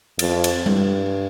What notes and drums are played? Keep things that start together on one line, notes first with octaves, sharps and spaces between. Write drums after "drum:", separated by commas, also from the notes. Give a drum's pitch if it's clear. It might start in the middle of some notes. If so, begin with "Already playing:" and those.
F2, drum: cymbal
drum: cymbal
G2, drum: tom G3